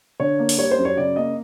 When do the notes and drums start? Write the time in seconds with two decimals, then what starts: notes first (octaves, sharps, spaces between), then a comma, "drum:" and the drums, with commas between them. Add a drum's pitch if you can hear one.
0.20 D3 C#5
0.39 A#3
0.49 drum: open hi-hat
0.59 G3 C#5
0.71 C5
0.78 F#2
0.85 C#5
0.97 C#3 D5
1.16 A#3 D#5